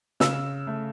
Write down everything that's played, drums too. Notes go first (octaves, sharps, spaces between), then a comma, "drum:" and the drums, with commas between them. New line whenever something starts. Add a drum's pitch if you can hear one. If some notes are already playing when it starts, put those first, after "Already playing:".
C#3 E6, drum: snare
A3